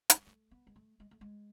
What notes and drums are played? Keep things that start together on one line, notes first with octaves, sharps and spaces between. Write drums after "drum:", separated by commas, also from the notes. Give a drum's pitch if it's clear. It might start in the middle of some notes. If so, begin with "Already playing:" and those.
G#3, drum: hi-hat
A3
B3
G#3
A3
G#3
A3
G#3